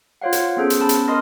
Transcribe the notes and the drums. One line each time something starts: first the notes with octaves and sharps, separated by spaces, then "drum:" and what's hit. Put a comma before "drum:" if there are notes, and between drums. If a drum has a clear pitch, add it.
F4 C5 C#5 F5 F#5
drum: hi-hat
B3 C#4 G#4 A4 C5
drum: hi-hat
B3 C#4 A5 B5
drum: hi-hat
A#4 D#5 C6 D#6 F6 A#6